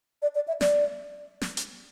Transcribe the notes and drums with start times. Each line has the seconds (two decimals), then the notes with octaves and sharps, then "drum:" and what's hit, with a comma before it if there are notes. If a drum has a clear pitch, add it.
0.22 D5
0.35 D5
0.48 E5
0.61 D5, drum: snare
1.41 drum: snare
1.57 drum: hi-hat